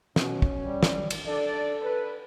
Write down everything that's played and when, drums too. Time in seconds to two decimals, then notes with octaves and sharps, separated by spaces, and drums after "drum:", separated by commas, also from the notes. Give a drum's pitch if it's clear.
0.16 B2 C#4, drum: snare
0.42 drum: kick
0.60 G3
0.83 drum: snare
1.10 drum: cymbal
1.25 D4 A4 D5
1.82 B4